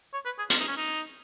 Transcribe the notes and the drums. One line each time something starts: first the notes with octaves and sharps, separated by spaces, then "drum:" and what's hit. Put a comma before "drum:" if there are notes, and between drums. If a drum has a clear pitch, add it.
C#5
B4
G#4
F4, drum: hi-hat
D#4
C#4
D#4